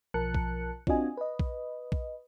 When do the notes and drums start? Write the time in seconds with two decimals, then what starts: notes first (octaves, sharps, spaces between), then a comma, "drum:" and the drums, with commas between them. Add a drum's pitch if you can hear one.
0.14 B1 F3 A#4 A5 F#6 C#7
0.35 drum: kick A#1
0.87 C4 D4 F4 F#4 D#5 G#5, drum: kick A#1
1.17 B4 D#5
1.39 drum: kick A#1
1.92 drum: kick A#1